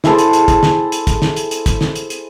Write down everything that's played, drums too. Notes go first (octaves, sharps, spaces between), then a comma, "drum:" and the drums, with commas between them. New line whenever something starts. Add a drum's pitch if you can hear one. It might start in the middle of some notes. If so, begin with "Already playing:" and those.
E4 G#4 A4 C5, drum: snare
drum: hi-hat
drum: hi-hat
drum: kick, hi-hat
drum: snare
drum: hi-hat
drum: kick, hi-hat
drum: snare
drum: hi-hat
drum: hi-hat
drum: kick, hi-hat
drum: snare
drum: hi-hat
drum: hi-hat